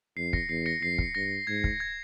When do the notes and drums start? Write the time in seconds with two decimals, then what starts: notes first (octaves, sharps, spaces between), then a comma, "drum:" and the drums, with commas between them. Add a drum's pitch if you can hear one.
0.17 F2 C7
0.33 A#6 C#7, drum: kick
0.49 E2 C7
0.66 A#6 C#7
0.82 F2 C7
0.98 drum: kick
1.15 G2 A#6
1.47 G#2 G#6
1.64 drum: kick
1.80 G#6